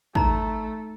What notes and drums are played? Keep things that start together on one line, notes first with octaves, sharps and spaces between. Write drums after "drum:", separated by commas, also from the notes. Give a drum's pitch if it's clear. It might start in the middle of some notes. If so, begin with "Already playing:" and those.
A3 D#4 A#5, drum: kick